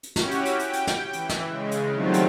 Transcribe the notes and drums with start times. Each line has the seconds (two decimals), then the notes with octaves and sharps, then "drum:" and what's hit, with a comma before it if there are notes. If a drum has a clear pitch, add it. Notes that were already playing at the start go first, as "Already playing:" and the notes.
0.03 drum: hi-hat
0.16 C#4 E4 F#4 G4, drum: snare
0.31 drum: hi-hat
0.45 drum: hi-hat
0.59 G5, drum: hi-hat
0.73 drum: hi-hat
0.87 drum: snare
1.13 E3 E4, drum: hi-hat
1.29 drum: snare
1.49 C#3 G#3
1.72 drum: hi-hat
1.92 D#3 F#3 G3 A3 C4 F4
2.14 drum: hi-hat